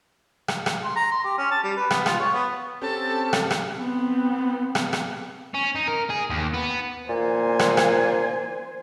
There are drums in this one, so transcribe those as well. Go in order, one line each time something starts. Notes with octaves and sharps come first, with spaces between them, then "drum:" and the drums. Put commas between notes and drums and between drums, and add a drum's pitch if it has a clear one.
drum: rim click
drum: rim click
C6
A#5
C6
G4
C#4
A5
G3
B4
B3, drum: rim click
F4, drum: rim click
C#5
B3
C4 C#4 G4 A4 A5
drum: rim click
drum: rim click
B3 C4
drum: rim click
drum: rim click
C#4
D#4
A#4
G#4
D#2
B3
A#2 C5 G#5
drum: rim click
drum: rim click